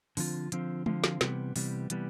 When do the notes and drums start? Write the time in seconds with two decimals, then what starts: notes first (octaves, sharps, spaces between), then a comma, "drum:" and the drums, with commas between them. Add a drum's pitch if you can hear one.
0.17 D3 F3 C4 F4, drum: open hi-hat
0.52 D3 F3 C4 F4, drum: hi-hat
0.86 D3 F3 C4 F4, drum: tom
1.04 drum: snare
1.21 C3 E3 G3 B3, drum: snare
1.56 C3 E3 G3 B3, drum: open hi-hat
1.90 C3 E3 G3 B3, drum: hi-hat